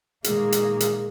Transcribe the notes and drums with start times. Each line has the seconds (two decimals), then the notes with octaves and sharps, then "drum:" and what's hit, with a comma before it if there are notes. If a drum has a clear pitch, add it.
0.24 A#2 D#3 G#3 A#3 G#4, drum: hi-hat
0.52 drum: hi-hat
0.80 drum: hi-hat